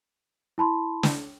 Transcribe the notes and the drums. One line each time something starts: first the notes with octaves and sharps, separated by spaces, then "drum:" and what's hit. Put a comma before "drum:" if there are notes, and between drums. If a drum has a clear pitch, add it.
E4 A5 B5 C6
drum: snare